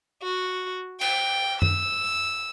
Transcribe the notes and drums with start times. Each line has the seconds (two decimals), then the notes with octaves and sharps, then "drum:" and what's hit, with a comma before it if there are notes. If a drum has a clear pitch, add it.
0.23 F#4
1.01 G5, drum: cymbal
1.62 E6, drum: tom F#2